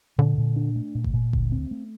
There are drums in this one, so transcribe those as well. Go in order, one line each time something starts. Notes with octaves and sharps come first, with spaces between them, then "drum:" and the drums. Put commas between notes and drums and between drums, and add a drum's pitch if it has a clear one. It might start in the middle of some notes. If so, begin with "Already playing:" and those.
A#2 D3
A#2
D4
A3
A#2
drum: kick G1
A#2
D2, drum: kick G1
C4
A3